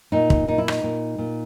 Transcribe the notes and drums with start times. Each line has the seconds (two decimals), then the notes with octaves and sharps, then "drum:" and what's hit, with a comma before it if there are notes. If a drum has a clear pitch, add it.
0.12 A#2 D#4
0.30 drum: kick
0.48 A#2 D#4
0.58 E4
0.68 D#4, drum: rim click
0.83 A#2
1.18 A#2